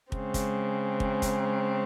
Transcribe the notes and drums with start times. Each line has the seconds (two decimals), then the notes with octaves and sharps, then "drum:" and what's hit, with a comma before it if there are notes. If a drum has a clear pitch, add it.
0.12 C#3 G#3 C4, drum: kick
0.34 drum: kick, hi-hat
1.00 drum: kick
1.22 drum: kick, hi-hat